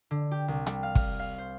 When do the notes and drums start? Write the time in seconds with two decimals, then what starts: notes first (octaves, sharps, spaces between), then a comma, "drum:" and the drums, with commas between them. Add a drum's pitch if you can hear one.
0.11 D3
0.31 G4
0.48 C2
0.67 G3, drum: hi-hat
0.83 F5
0.95 F6, drum: kick
1.19 F5
1.38 C5